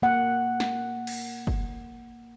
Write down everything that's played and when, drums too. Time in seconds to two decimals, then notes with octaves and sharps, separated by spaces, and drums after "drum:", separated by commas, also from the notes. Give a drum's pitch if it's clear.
0.02 A#3 F#5
0.60 drum: snare
1.07 drum: cymbal
1.47 drum: kick F#1